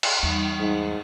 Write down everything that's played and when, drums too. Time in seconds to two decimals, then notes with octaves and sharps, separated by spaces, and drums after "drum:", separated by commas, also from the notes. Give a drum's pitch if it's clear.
0.03 drum: cymbal
0.23 E2 G3 D#4
0.60 G#2